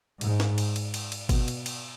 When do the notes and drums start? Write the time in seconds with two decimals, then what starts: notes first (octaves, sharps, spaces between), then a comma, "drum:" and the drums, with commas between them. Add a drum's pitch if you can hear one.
0.21 G#2, drum: cymbal
0.40 drum: snare
0.58 drum: cymbal
0.76 drum: cymbal
0.94 drum: cymbal
1.12 drum: cymbal
1.29 B2, drum: kick G1, cymbal
1.48 drum: cymbal
1.66 drum: cymbal